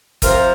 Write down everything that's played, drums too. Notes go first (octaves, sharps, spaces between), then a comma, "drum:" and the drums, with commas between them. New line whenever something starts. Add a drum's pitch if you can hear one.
C3 F3 C4 F4 A#4, drum: kick, hi-hat